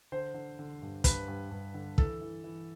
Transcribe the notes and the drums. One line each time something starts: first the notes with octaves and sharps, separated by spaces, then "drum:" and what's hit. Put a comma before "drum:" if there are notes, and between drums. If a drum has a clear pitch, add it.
D3 C5
D3
D3
G2
G2 B4, drum: kick, hi-hat
G2
G2
D3
E3 A4, drum: kick
E3
E3